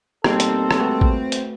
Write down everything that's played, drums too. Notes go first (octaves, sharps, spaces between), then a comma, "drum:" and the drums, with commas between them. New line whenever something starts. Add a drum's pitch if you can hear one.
B2 G3 A#3 C4 D#4 A4, drum: rim click
drum: hi-hat
drum: rim click
A3 F#4 B4
drum: kick
drum: hi-hat